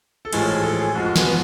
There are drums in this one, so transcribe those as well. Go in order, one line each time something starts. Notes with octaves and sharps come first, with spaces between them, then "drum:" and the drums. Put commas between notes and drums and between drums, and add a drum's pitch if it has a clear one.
A4
A1 A2 F3 G#3 G#4, drum: cymbal
A4
G#4
A4
G#4
F2 F3 G#3 F#4
F#4
B3, drum: snare
B3